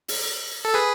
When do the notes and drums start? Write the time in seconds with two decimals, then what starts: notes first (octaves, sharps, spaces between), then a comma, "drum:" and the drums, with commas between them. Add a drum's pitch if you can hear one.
0.08 drum: open hi-hat
0.65 A4
0.74 G#4 B4